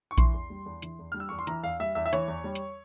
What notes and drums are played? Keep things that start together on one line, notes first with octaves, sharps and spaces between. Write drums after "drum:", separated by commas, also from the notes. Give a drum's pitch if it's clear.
C#6
E3 C6, drum: kick A#1, hi-hat
E2
G3
E2
E3, drum: hi-hat
E2
G3 F6
E6
E2 C#6
C6
E3 A#5, drum: hi-hat
E2 F5
G3 E5
E2 E5
E5
E3 C#5, drum: hi-hat
E2
G3
drum: hi-hat